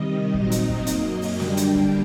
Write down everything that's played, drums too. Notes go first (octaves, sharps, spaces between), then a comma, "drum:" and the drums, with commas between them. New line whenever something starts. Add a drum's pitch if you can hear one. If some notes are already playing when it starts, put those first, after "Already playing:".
Already playing: C3 D#3 G3 D#5
A#2 F#3 C4 D#4, drum: kick
drum: hi-hat
drum: kick
F#2 F#3 A#3, drum: hi-hat
drum: open hi-hat
D3 G3 A#3 D4 G5, drum: snare
drum: hi-hat
drum: kick